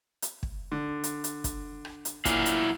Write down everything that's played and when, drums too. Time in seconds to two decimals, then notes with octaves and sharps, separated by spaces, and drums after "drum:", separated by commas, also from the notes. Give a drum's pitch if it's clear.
0.22 drum: hi-hat
0.43 drum: kick
0.72 D3
1.04 drum: hi-hat
1.24 drum: hi-hat
1.44 drum: kick, hi-hat
1.85 drum: rim click
2.05 drum: hi-hat
2.25 A#2 F#3 E4 F5, drum: kick, hi-hat
2.46 drum: hi-hat